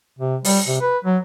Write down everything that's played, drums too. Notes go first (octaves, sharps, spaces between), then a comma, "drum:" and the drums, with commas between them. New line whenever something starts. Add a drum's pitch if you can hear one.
C3
G3, drum: open hi-hat
C3
B4
F#3